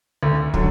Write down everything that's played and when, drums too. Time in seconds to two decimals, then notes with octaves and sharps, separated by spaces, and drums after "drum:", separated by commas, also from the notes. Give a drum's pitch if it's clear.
0.23 D2
0.54 D3 F#3, drum: kick